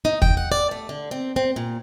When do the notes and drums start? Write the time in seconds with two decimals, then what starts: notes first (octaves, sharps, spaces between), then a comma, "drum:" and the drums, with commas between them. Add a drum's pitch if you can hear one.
0.05 D#4
0.22 G5, drum: kick
0.37 F#5
0.52 D5
0.71 A3
0.89 D3
1.11 C4
1.36 C4
1.56 A#2